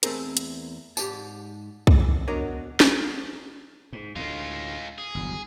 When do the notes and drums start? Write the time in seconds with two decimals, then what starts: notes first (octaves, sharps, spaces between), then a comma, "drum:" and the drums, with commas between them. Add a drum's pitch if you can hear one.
0.03 E2 A3 C4 G#4 A#4, drum: hi-hat
0.37 drum: hi-hat
0.97 G#2 G4 D5 A5, drum: tambourine
1.87 drum: kick C2
2.00 E3
2.28 B3 D4 F#4 A#4 C#5 D#5
2.80 drum: snare
3.93 G#2
4.16 D2 A2 G#3 F4
4.98 G#4
5.15 G1 E2 F#3